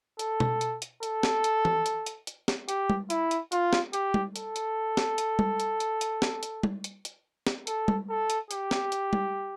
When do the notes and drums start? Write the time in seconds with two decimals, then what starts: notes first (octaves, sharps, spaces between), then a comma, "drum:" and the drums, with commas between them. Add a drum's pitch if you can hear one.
0.19 A4, drum: hi-hat
0.40 drum: tom B2
0.61 drum: hi-hat
0.82 drum: hi-hat
1.03 A4, drum: hi-hat
1.23 drum: snare
1.44 drum: hi-hat
1.65 drum: tom E3
1.86 drum: hi-hat
2.06 drum: hi-hat
2.27 drum: hi-hat
2.48 drum: snare
2.69 G4, drum: hi-hat
2.90 drum: tom G3
3.10 E4, drum: hi-hat
3.31 drum: hi-hat
3.52 F4, drum: hi-hat
3.73 drum: snare
3.93 G4, drum: hi-hat
4.14 drum: tom G3
4.36 A4, drum: hi-hat
4.56 drum: hi-hat
4.97 drum: snare
5.18 drum: hi-hat
5.39 drum: tom G3
5.60 drum: hi-hat
5.80 drum: hi-hat
6.01 drum: hi-hat
6.22 drum: snare
6.43 drum: hi-hat
6.63 drum: tom G3
6.84 drum: hi-hat
7.05 drum: hi-hat
7.47 drum: snare
7.67 A4, drum: hi-hat
7.88 drum: tom G3
8.09 A4
8.30 drum: hi-hat
8.51 G4, drum: hi-hat
8.71 drum: snare
8.92 drum: hi-hat
9.13 drum: tom G3